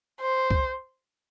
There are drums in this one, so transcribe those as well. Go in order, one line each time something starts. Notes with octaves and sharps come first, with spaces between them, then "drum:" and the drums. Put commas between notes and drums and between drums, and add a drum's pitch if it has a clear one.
C5
drum: kick